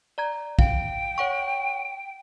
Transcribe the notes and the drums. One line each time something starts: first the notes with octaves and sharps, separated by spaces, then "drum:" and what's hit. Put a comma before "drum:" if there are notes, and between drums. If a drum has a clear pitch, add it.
D5 A#5 G#6
F5 G5, drum: kick
C#5 F#5 C#6